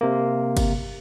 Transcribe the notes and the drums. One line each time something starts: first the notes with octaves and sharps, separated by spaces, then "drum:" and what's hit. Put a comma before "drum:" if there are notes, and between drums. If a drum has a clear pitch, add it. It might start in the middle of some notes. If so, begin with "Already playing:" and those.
C3 A#3
drum: kick G1, cymbal